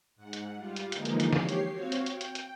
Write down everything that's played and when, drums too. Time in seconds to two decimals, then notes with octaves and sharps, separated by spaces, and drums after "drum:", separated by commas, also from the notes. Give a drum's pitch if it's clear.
0.16 G#2 F#5
0.33 drum: hi-hat
0.55 G3 F4
0.76 drum: hi-hat
0.92 D3 E3 F3 G#3 A#3 D#4, drum: hi-hat
1.05 drum: hi-hat
1.20 drum: hi-hat
1.33 G4 C#5 C7, drum: snare
1.49 drum: hi-hat
1.70 C4 F#4 C#5 F5
1.92 drum: hi-hat
2.06 G5, drum: hi-hat
2.21 drum: hi-hat
2.35 drum: hi-hat